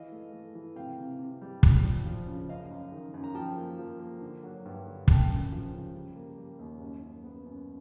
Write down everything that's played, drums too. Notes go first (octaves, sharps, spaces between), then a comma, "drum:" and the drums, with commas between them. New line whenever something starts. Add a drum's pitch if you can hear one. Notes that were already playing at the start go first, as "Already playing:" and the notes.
Already playing: E3 D#5 F5
A3
A3
E3
C3 F5 G5
C3
C3
G3
F3, drum: kick
D4
F3
C#3
F#2 D#5 F5
F#2
D#3
F#2
A#5
F3 G5 A5
A#3
F3
A#3
D3
F#3
G2
D3
F#2 G5 A5, drum: kick
F#2
F3
C#3
G3
A#3
G3
D#2
F#2
F#2
B3
F#2